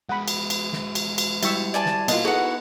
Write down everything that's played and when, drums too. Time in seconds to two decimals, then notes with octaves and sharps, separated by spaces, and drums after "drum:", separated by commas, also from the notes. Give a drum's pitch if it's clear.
0.09 G#3 B3 F#5 B5
0.28 drum: cymbal
0.50 drum: cymbal
0.73 drum: snare
0.95 drum: cymbal
1.18 drum: cymbal
1.43 G3 E4 E5 C#6 E6, drum: cymbal
1.74 D5 G#5 A5
1.86 drum: snare
2.08 B2 A#3 E4 F4 D#5, drum: cymbal
2.25 B3 D#4 F#4 G#4 A4 F#5